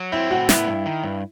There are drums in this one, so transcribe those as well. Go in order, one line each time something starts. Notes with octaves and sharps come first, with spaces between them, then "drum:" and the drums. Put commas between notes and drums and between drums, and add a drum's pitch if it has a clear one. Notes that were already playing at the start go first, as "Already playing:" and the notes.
Already playing: F#3
C4 E4
A2 F#4
B3 E4, drum: snare
G2
D#3
G2